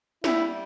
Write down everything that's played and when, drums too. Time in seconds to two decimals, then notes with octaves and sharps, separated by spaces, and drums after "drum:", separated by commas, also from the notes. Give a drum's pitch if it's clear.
0.24 G3 E4, drum: snare